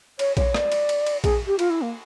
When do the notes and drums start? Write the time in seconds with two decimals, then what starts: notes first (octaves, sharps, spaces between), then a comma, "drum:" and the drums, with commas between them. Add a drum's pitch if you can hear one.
0.19 C#5, drum: cymbal
0.37 C#5, drum: kick A#1, cymbal
0.54 D5, drum: rim click
0.72 drum: cymbal
0.89 drum: cymbal
1.06 drum: cymbal
1.24 G#4, drum: kick A#1, cymbal
1.47 G4
1.59 F4, drum: cymbal
1.70 E4
1.82 A#3